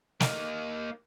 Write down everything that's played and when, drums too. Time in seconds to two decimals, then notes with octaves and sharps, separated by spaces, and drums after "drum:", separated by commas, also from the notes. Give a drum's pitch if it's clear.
0.20 A#3 D#4, drum: snare